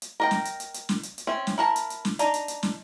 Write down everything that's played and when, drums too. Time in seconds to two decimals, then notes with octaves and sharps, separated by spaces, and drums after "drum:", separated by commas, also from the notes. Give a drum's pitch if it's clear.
0.02 drum: hi-hat
0.20 A#4 D#5 G5
0.31 drum: snare
0.45 drum: hi-hat
0.60 drum: hi-hat
0.74 drum: hi-hat
0.89 drum: snare
1.03 drum: hi-hat
1.18 drum: hi-hat
1.27 C4 C#4 E5
1.47 drum: snare
1.58 E4 A#4 A5
1.76 drum: hi-hat
1.90 drum: hi-hat
2.05 drum: snare
2.19 D4 D#4 A#5, drum: hi-hat
2.34 drum: hi-hat
2.48 drum: hi-hat
2.63 drum: snare